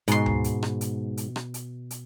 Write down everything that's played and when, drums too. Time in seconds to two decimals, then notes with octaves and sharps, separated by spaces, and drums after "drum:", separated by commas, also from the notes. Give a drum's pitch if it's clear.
0.08 G#2 B2 C6, drum: hi-hat
0.26 drum: tom D2
0.44 drum: hi-hat
0.63 drum: rim click
0.81 drum: hi-hat
1.17 drum: hi-hat
1.36 drum: rim click
1.54 drum: hi-hat
1.91 drum: hi-hat